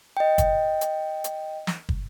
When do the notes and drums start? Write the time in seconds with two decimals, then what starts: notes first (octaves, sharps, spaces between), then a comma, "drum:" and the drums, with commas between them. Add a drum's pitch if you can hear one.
0.17 D#5 G5
0.38 drum: kick, hi-hat
0.81 drum: hi-hat
1.24 drum: hi-hat
1.67 drum: snare
1.89 drum: kick